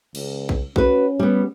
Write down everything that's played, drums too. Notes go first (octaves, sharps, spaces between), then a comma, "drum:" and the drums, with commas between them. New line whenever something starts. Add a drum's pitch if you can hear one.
C#2, drum: cymbal
drum: kick B1
C#4 F#4 B4, drum: kick B1
G3 B3